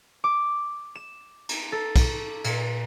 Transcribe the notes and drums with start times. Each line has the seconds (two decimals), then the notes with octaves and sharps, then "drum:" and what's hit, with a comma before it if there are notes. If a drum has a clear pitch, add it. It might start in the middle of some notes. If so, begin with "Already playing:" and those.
0.24 D6
0.95 E7
1.49 drum: cymbal
1.72 A4
1.96 drum: kick, cymbal
2.44 A#2, drum: cymbal